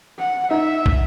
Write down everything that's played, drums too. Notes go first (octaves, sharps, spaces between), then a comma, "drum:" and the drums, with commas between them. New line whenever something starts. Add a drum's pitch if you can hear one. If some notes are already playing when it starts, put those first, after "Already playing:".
F#5
D#4 E5
drum: kick